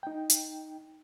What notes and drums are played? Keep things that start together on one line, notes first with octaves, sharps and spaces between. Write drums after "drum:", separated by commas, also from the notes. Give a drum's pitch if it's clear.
D#4 G5
drum: hi-hat